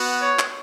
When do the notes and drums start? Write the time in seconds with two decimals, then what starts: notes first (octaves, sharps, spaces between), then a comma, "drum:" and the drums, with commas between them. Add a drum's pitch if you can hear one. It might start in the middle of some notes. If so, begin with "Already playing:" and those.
Already playing: B3 F#4
0.21 C#5
0.39 drum: clap